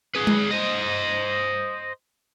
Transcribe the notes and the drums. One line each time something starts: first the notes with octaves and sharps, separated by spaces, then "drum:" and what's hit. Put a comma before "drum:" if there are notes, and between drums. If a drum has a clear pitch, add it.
G#4 B4
drum: tom G#3
C5 D#5